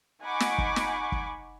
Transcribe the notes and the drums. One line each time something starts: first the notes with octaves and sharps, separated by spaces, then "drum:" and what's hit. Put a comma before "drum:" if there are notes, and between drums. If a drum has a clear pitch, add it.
D#4 F#5 G#5 B5 C#6 D6
drum: snare
drum: kick
drum: snare
drum: kick